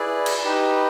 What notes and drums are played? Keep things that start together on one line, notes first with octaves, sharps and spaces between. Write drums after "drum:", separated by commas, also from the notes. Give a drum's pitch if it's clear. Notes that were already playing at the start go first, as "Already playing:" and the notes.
Already playing: E4 G#4 B4 D5
drum: cymbal
D#4 G4 B4